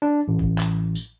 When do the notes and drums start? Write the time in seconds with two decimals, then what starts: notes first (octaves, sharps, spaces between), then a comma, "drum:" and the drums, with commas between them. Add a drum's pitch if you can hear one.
0.02 D4
0.28 A1
0.39 drum: kick
0.58 drum: clap
0.95 drum: tambourine